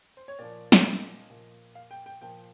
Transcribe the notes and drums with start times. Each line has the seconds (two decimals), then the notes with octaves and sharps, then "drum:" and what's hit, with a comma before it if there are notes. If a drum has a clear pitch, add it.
0.17 C5
0.28 C#5
0.39 A#2 F3 D5
0.72 drum: snare
0.84 D#5
1.30 A#2 F3
1.75 F5
1.91 G5
2.06 G5
2.21 A#2 F3 G5